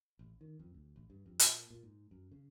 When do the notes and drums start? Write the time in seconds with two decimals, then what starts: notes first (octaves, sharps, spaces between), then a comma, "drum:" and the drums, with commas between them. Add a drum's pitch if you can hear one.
0.19 A1
0.41 D#3
0.59 F2
0.74 D2
0.96 A1
1.10 G2
1.26 F2
1.39 A#2, drum: hi-hat
1.70 A#2
1.83 G#2
2.11 F#2
2.31 C#3